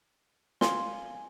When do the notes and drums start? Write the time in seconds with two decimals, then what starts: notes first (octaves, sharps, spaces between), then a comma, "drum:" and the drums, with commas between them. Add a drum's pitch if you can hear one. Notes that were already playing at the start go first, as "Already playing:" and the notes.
0.61 F5 G#5 C6, drum: snare